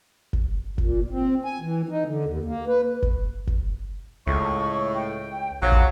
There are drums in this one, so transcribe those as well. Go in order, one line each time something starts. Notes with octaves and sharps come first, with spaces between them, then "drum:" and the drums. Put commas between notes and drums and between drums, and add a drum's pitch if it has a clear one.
drum: kick
A#2, drum: kick
C4
G#5
E3
D#4
D3
D#2
A#3
B4
drum: kick
drum: kick
C#2 A2 C#6
G5
A#1 F#3 F5
drum: kick